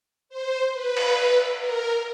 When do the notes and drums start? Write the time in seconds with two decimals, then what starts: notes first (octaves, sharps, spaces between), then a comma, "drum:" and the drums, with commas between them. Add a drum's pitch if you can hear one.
0.29 C5
0.73 B4
0.97 drum: cymbal
1.59 A#4